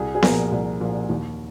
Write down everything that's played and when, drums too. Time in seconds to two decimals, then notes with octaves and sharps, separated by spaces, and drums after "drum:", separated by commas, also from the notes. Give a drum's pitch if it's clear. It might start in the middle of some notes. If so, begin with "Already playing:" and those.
Already playing: C2 G#4
0.15 G#4
0.22 A#2 F3 A#4, drum: snare B3
0.52 C2
0.80 A#2 F3
1.10 D#2